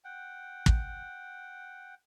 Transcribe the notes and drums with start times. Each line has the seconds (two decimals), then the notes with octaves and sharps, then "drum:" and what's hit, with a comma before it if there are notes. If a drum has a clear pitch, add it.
0.05 F#5 G5
0.66 drum: kick